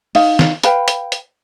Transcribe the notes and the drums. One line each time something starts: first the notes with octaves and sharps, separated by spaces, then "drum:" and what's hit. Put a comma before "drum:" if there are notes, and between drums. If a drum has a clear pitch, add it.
D#4 F5, drum: open hi-hat
drum: snare
B4 F5 G5 B5, drum: hi-hat
drum: hi-hat
drum: hi-hat